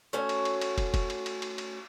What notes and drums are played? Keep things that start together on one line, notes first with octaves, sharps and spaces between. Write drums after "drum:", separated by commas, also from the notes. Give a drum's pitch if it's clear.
A3 C#4 F#4 C#5
drum: cymbal
drum: cymbal
drum: cymbal
drum: kick, cymbal
drum: kick, cymbal
drum: cymbal
drum: cymbal
drum: cymbal
drum: cymbal